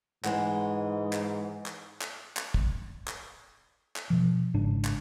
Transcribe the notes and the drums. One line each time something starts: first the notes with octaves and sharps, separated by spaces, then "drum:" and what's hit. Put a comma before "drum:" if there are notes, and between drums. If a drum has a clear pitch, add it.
G#2 E3 G#3 F#5 G#5, drum: clap
drum: clap
drum: clap
drum: clap
drum: clap
drum: kick
drum: clap
drum: clap
B2 F3
G#1 G#2 C#3 D4
drum: clap